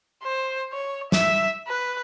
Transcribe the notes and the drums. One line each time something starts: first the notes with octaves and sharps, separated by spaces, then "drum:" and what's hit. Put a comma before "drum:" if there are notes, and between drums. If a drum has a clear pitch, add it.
C5
C#5
E5, drum: snare
B4